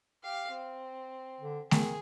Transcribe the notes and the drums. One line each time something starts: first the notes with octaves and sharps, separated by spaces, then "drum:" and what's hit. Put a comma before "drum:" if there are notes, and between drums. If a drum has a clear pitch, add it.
G4 F5
C4
D3
D#3 G#4, drum: snare A3